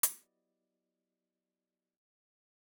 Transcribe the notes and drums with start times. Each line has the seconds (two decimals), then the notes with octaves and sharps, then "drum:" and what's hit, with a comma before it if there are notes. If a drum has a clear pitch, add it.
0.03 drum: hi-hat
0.21 F#3 B3 E4 G4 D5 D#5